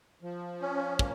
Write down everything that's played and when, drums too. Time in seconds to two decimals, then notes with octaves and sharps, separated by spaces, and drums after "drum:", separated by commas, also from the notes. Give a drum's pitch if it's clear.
0.22 F3
0.61 C#4
0.99 A#3, drum: kick